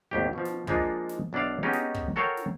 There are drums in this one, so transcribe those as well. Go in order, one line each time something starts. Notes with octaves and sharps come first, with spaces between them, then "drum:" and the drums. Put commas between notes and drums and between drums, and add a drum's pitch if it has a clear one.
G#1 D#2 G4
B2 F3
drum: snare
F3 G#3 A#3 D4 D#4 F4, drum: kick
drum: snare
B1 D4 E4 D5 F5
G#3 B3 C#4 D#4 G4
drum: snare
drum: kick
F#4 A4 A#4 C#5 F5 G5
drum: snare